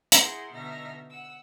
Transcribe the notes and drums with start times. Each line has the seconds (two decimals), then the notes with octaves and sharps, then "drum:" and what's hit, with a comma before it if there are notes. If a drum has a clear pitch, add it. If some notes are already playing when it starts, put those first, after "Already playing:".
0.12 E4 G#4 A#4 C5 F#5, drum: hi-hat
0.53 B2 D3 D#4 E5 F6 A#6
1.10 F#5 E6